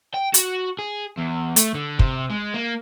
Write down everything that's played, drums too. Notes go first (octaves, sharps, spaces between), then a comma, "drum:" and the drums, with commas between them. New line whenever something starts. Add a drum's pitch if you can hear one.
G5
F#4, drum: hi-hat
G#4
E2
A3, drum: hi-hat
D3
C3, drum: kick
G#3
A#3